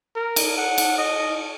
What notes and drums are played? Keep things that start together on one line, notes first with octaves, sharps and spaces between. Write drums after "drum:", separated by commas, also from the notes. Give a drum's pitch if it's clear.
A#4
drum: cymbal
F#5
drum: cymbal
D#5